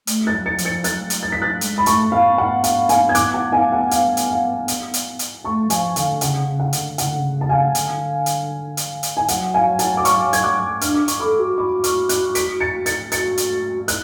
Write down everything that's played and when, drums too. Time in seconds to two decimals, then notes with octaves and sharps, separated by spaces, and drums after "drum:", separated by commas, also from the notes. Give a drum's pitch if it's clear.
0.07 A3, drum: hi-hat
0.27 F#6 A6
0.33 F#3
0.46 A6 C#7
0.58 F3, drum: hi-hat
0.65 A6 C#7
0.84 F#3 F#6 A6, drum: hi-hat
1.10 drum: hi-hat
1.23 A6
1.32 B6
1.42 F#6 A6
1.61 G#3, drum: hi-hat
1.78 B5
1.86 A3 A5 C#6, drum: hi-hat
2.12 B3 F5
2.37 B3 F#5
2.64 F#5, drum: hi-hat
2.89 F5 G#5, drum: hi-hat
3.09 G#6
3.15 D6 F#6, drum: hi-hat
3.34 F#5 A5
3.52 F5 G#5
3.72 F#5
3.91 F5, drum: hi-hat
4.17 drum: hi-hat
4.30 F5
4.68 drum: hi-hat
4.94 drum: hi-hat
5.19 drum: hi-hat
5.44 A3 A5 C#6
5.70 F3 F5 G#5, drum: hi-hat
5.96 D3 F5 G#5, drum: hi-hat
6.21 C#3 F#5, drum: hi-hat
6.47 C#3
6.60 F#5
6.73 D3, drum: hi-hat
6.98 C#3 F#5, drum: hi-hat
7.08 D3
7.17 C#3
7.41 A5
7.49 F5 G#5
7.75 D3, drum: hi-hat
8.26 drum: hi-hat
8.77 drum: hi-hat
9.03 drum: hi-hat
9.17 G#5
9.28 F#3 F#5, drum: hi-hat
9.54 F5 G#5
9.79 F#5 A5, drum: hi-hat
9.97 D6
10.05 C#6 F6, drum: hi-hat
10.33 G#6, drum: hi-hat
10.43 D6 F#6
10.81 D4 F6, drum: hi-hat
10.95 D6
11.08 C#6, drum: hi-hat
11.20 A4 B5 D6
11.39 F#4
11.58 B5 D6
11.84 C#6 F6, drum: hi-hat
12.09 D6 F#6, drum: hi-hat
12.35 B6 D7, drum: hi-hat
12.60 A6 C#7
12.86 A6 C#7, drum: hi-hat
13.12 F#4 A6 C#7, drum: hi-hat
13.37 drum: hi-hat
13.88 F#6, drum: hi-hat